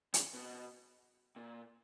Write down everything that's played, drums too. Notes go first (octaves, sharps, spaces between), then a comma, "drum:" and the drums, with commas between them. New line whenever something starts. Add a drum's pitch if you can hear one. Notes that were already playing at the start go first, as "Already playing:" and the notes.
C#3, drum: hi-hat
B2
A#2